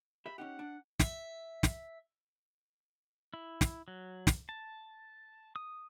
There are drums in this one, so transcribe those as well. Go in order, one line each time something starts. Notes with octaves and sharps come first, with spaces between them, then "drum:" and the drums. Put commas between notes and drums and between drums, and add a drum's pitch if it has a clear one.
G4 E5 B5
C#4 D#4 G4 F#5
D4
E5, drum: snare
drum: snare
E4
drum: snare
F#3
drum: snare
A5
D#6